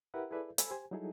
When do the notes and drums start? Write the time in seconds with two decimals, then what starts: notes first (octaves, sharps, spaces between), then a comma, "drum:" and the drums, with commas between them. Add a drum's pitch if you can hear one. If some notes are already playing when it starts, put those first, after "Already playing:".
0.14 E4 G4 A#4 B4 E5 F#5
0.31 E4 G#4 A4 B4 D5 E5
0.58 A4 C5 G#5 B5 E6, drum: hi-hat
0.71 G4 C5 G#5
0.91 F#3 G3 D#4 E4 G#4 A4